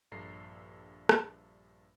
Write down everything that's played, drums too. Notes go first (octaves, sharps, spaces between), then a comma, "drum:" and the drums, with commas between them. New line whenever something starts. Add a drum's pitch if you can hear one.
A#1 G2 A4 A#5 C7
drum: rim click